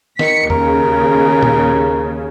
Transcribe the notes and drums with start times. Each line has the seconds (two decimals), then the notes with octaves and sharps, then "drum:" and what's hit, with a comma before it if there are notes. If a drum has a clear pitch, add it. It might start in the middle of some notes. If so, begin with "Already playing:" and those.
0.19 D#3 B6 C#7, drum: snare
0.50 D#2 C#3 A#4, drum: tom E2
1.43 drum: tom A#2